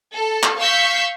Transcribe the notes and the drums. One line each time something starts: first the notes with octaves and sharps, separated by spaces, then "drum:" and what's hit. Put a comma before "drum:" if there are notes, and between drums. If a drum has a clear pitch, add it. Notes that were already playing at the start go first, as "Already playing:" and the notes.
A4 A5
drum: clap
F5 C#6 E6 G6 B6